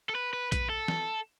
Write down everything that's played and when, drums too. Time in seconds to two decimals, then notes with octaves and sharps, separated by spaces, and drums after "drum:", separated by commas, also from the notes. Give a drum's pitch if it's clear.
0.09 A4
0.15 B4
0.33 B4
0.52 B4, drum: kick A#1, hi-hat
0.70 A4
0.88 drum: snare